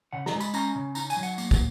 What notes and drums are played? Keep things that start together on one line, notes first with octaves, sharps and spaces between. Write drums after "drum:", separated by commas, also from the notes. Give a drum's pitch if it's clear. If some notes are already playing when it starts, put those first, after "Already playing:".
C#3 F#5
A#5, drum: snare
G#3
B5, drum: tambourine
C#4 A#5, drum: tambourine
C#3
D#4 A#5, drum: tambourine
G#5, drum: tambourine
F#3
F#5, drum: tambourine
A#3, drum: tambourine
drum: kick, tambourine